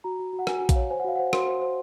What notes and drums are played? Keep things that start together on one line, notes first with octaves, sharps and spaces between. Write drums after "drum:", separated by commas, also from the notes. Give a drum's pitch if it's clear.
F#4 A#5
F#4
F#4
F#5
F#4 G#5, drum: rim click
F#4 G#5
F5, drum: kick A#1, hi-hat
C#5
C5 G#5
F#5
F#4 F5
C5 F#5
F#4 C6, drum: rim click
C5
C5